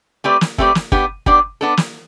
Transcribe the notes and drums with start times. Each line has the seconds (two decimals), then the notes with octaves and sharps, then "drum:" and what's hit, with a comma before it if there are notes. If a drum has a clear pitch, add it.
0.24 A3 C4 G4 B4 D5
0.41 drum: snare
0.58 A3 C4 G4 B4 D5, drum: kick G1
0.75 drum: snare
0.92 B3 D4 G4 D5, drum: kick G1
1.26 B3 D4 G4 D5, drum: kick G1
1.61 B3 D4 A4
1.77 drum: snare